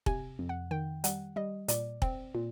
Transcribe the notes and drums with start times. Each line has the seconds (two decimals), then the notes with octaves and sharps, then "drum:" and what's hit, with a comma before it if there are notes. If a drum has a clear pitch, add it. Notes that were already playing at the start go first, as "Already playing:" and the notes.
0.06 C3 G#5, drum: kick
0.39 F2
0.49 F#5
0.71 D#3 G5
1.04 G3 F#5, drum: hi-hat
1.36 G3 D#5
1.68 A#2 D5, drum: hi-hat
2.02 C4, drum: kick
2.35 A#2